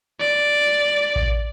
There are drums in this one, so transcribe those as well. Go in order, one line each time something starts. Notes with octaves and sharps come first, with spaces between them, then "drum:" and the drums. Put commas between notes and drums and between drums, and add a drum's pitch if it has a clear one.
D5
drum: kick A1